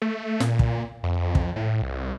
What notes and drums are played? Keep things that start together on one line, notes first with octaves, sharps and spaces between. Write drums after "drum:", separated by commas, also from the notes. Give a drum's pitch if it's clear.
A3
A#2, drum: snare
drum: kick
F2
drum: kick
A2
C2